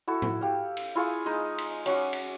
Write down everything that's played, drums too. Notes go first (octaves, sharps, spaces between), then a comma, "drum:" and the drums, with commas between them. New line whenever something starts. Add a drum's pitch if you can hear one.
E4 F#4 A4
drum: tom A2
G4 F5
drum: cymbal
E4 F4 G#4 C#6
G#3 D#4 D#5
drum: cymbal
F#3 C#4 F#4 D6, drum: cymbal
drum: cymbal